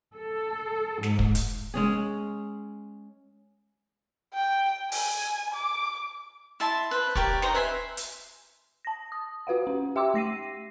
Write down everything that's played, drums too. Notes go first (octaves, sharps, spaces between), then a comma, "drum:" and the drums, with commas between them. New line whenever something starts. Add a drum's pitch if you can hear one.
A4
G#2, drum: snare
drum: kick
drum: hi-hat
G#3 C#4 G#4
G5
G#5, drum: open hi-hat
D6
E4 E5 A5 C6
B4 C5
G4 A#4 C#5 D5, drum: kick
D#4 C5 A#5, drum: snare
B4 E5 G#5 C6
drum: hi-hat
A5 A#6
D#6
F4 F#4 B4 F5 F#5
C#4
G4 E5 G5 C6 D6 E6
A3 A#6 C7 D#7